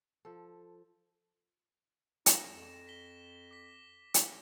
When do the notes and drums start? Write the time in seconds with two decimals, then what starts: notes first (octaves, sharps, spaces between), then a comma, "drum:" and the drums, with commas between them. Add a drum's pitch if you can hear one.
0.25 F3 A4
2.26 D#4 A#6 E7, drum: hi-hat
2.49 F2
2.87 B6 G7
3.51 D6 B6
4.14 drum: hi-hat